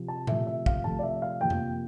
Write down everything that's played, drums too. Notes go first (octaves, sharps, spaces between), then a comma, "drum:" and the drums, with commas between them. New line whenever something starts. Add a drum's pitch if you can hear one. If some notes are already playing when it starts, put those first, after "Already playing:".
Already playing: C3 F3
A5
C3 F3 A3 E5, drum: tom A#2
E5
F5, drum: kick
C3 F3 A3 A5
D5
E5
F5
C3 F3 A#3 G5
drum: tom F2